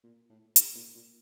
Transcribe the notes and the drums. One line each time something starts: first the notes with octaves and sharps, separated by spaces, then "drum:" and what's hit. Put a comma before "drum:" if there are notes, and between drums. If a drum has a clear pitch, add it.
A#2
A2
G#2, drum: hi-hat
A#2
A#2